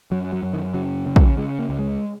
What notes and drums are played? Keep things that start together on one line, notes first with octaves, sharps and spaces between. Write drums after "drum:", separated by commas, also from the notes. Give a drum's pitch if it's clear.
F#2 F#3
F#3
F#2
D#3
C#3 F#3
C#3
F#3, drum: kick
C#3 G#3
A#3
C#2
G#3